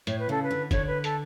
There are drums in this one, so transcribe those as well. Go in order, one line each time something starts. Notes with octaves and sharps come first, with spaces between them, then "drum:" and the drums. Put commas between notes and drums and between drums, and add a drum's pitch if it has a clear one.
A2 C#5, drum: hi-hat
B4
C#3 A4
B4
D3
D3 C#5, drum: kick, hi-hat
B4
A4, drum: hi-hat